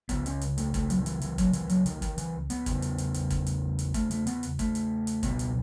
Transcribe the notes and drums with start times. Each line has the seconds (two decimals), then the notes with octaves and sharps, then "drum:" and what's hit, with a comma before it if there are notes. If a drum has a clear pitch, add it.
0.09 C#2 C#3 B3, drum: kick, hi-hat
0.26 C#4, drum: hi-hat
0.41 drum: hi-hat
0.58 A3, drum: hi-hat
0.74 A3, drum: kick, hi-hat
0.90 F#3, drum: hi-hat
1.02 D#3
1.06 E3, drum: hi-hat
1.21 E3, drum: hi-hat
1.38 F#3, drum: kick, hi-hat
1.53 E3, drum: hi-hat
1.70 F#3, drum: hi-hat
1.86 D#3, drum: hi-hat
2.02 D#3, drum: kick, hi-hat
2.18 E3, drum: hi-hat
2.50 B3, drum: hi-hat
2.66 E2 C#3, drum: kick, hi-hat
2.82 drum: hi-hat
2.98 drum: hi-hat
3.14 drum: hi-hat
3.30 drum: kick, hi-hat
3.46 drum: hi-hat
3.79 drum: hi-hat
3.94 A3, drum: kick, hi-hat
4.11 A3, drum: hi-hat
4.27 B3, drum: hi-hat
4.43 drum: hi-hat
4.59 A3, drum: kick, hi-hat
4.75 drum: hi-hat
5.07 drum: hi-hat
5.23 C#2 B2 B3, drum: kick, hi-hat
5.39 drum: hi-hat